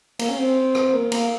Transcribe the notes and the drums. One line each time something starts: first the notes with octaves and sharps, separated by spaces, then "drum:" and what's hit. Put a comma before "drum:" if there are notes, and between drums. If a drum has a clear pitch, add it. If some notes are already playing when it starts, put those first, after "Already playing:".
A#3, drum: cymbal
C#4
C4
drum: rim click
A#3
A#3, drum: cymbal